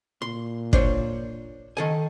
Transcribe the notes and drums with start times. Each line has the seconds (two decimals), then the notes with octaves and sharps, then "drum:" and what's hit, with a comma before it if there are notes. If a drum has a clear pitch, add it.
0.22 A#2 C6
0.73 D4 C5 C#5, drum: kick
1.77 D#3 A4 G#5